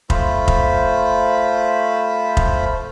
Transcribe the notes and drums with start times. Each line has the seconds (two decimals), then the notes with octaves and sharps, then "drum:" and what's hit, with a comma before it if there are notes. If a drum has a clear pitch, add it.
0.10 A3 F4 C5 B5, drum: kick F1
0.48 drum: kick F1
2.37 drum: kick F1